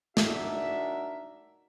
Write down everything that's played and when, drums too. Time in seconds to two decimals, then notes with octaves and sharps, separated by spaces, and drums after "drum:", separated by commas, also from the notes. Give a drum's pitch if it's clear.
0.17 D4 D#4 F#4 A#4 D5 E5, drum: snare